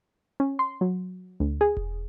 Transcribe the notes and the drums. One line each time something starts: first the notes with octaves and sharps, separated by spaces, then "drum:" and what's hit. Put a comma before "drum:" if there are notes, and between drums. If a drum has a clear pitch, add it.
C#4
C6
F#3
D2
G#4
drum: kick E1